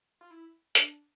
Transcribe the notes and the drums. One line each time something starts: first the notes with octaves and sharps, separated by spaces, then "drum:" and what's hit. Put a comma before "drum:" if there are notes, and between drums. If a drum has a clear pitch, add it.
F4
E4
D4, drum: hi-hat